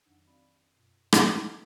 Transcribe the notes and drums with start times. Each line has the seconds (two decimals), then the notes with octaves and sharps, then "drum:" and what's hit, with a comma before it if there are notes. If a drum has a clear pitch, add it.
0.06 F2 D#3 F#3 D4 D#4
0.26 C4 D#4 F#4 D5 F5 B5
0.73 F#2 B2
1.13 drum: rim click
1.34 G4 B4 D#5 C6 C#6